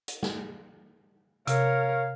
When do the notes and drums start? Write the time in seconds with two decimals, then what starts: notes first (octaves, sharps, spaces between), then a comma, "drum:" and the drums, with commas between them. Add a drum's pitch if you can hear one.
0.08 drum: hi-hat
0.23 drum: snare
1.47 C3 A#4 C#5 F5, drum: hi-hat